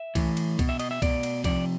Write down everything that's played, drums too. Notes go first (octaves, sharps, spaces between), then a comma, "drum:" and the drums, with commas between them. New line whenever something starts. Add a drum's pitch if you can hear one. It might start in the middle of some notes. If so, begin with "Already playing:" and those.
Already playing: E5
A2 E3, drum: kick, cymbal
drum: cymbal
B2, drum: kick, cymbal
E5
D#5, drum: cymbal
E5
B2 D5, drum: kick, cymbal
drum: cymbal
C3 F3 D5, drum: kick, cymbal